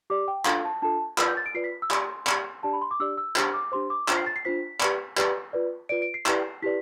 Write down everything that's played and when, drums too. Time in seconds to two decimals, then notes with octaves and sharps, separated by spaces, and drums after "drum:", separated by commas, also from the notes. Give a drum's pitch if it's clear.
0.10 G4 D5 D6
0.28 G5
0.45 D4 F4 A4 F5, drum: clap
0.65 A5
0.82 D4 F4 A4 A5
1.18 F4 B4 D5 E6, drum: clap
1.28 G6
1.37 A6
1.46 D7
1.54 F4 B4 D5 C7
1.64 B6
1.82 E6
1.91 G4 D5 C6, drum: clap
2.27 G4 D5, drum: clap
2.63 D4 G4 D5 A5
2.73 B5
2.81 C6
2.91 D6
3.00 D4 G4 D5 E6
3.18 E6
3.36 D4 G4 C5 F6, drum: clap
3.54 D6
3.72 D4 G4 C5 C6
3.90 D6
4.08 D4 F4 C5 F6, drum: clap
4.17 C7
4.26 A6
4.36 C7
4.45 D4 F4 C5 B6
4.81 G4 B4 D5, drum: clap
5.17 G4 B4 D5, drum: clap
5.53 F4 B4 D5
5.89 F4 B4 D5 D7
6.02 D7
6.14 C7
6.26 E4 G4 B4 D5, drum: clap
6.62 E4 G4 B4 D5 B6